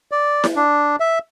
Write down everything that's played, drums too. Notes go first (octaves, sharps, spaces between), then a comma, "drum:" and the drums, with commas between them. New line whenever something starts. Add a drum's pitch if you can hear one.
D5
drum: snare E4
D4
E5